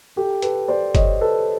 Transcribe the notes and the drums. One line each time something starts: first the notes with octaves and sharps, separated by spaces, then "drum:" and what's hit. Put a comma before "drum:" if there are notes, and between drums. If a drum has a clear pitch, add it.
G4 A4
A4 B4, drum: hi-hat
C5 D5
C#5 D#5, drum: kick, hi-hat
A4 B4